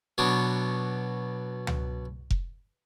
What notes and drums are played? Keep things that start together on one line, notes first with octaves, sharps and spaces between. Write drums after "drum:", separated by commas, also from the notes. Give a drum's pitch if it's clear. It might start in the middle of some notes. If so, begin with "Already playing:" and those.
B2 F#3 B3 D4
drum: tom
drum: kick F1